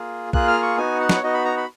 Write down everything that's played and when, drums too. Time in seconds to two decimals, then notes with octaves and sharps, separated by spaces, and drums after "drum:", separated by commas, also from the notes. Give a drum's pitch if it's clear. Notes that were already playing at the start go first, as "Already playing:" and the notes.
Already playing: A#3 F4 G#4
0.33 A#3 F4 G#4 F#6, drum: kick B1
0.48 F6
0.62 C#6
0.78 B3 D#4 F#4 G#5
1.00 F#5
1.09 B4, drum: snare
1.16 C#5
1.23 B3 D#4 F#4 D#5
1.34 B5
1.45 A#5
1.57 B5